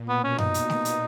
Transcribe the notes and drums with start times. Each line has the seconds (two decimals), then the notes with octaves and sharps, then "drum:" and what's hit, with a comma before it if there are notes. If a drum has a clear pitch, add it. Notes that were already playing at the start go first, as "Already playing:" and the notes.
Already playing: A#2
0.08 B2 B3
0.24 C#4
0.38 D#4, drum: tom F#2
0.54 drum: hi-hat
0.70 drum: snare A3
0.85 drum: hi-hat